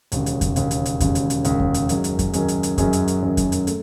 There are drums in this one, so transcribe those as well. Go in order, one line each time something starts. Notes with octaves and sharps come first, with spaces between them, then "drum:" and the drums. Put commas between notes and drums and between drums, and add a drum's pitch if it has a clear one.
E1 D#2 C#3, drum: hi-hat
drum: hi-hat
drum: kick F2, hi-hat
E1 D#2 C#3, drum: hi-hat
drum: hi-hat
drum: hi-hat
E1 D#2 C#3, drum: kick F2, hi-hat
drum: hi-hat
drum: hi-hat
E1 D#2 C#3, drum: hi-hat
drum: kick F2
drum: hi-hat
F#2 D#3 F#3 C#4 G#4, drum: hi-hat
drum: hi-hat
drum: kick F2, hi-hat
F#2 D#3 F#3 C#4 G#4, drum: hi-hat
drum: hi-hat
drum: hi-hat
F#2 D#3 F#3 C#4 G#4, drum: kick F2, hi-hat
drum: hi-hat
drum: hi-hat
F#2 D#3 F#3 C#4 G#4
drum: kick F2, hi-hat
drum: hi-hat
A3, drum: hi-hat